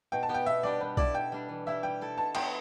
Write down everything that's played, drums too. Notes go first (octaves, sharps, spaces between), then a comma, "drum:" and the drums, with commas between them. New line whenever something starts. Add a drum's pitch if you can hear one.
B2 G5
A5
B3 G4
G5
B2 E5
G3 D4 G4 D5
G3 B4
E4 A4 D5, drum: kick B1
B2 G5
G3 D4
E3
G3 E4 G4 E5
G3 G5
E4 A4
B2 A5
B3 E4 G5, drum: cymbal